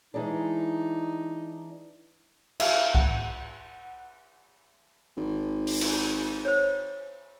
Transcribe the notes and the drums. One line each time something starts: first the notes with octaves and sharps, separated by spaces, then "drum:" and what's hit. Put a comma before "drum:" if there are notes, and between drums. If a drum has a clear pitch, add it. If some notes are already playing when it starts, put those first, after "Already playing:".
E3 G#3 D4 D#4
E5 F5, drum: cymbal
F#5, drum: kick C2
G#1
drum: open hi-hat
drum: cymbal
C5 C#5